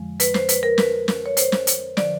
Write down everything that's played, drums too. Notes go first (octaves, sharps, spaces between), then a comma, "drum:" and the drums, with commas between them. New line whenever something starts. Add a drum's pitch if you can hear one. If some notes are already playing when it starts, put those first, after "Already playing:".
Already playing: F2 D3 F3 G#3
B4, drum: hi-hat
C5, drum: snare
B4, drum: hi-hat
A#4
B4, drum: snare
drum: snare
C#5
C5, drum: hi-hat
drum: snare
drum: hi-hat
D3 F3 D5, drum: snare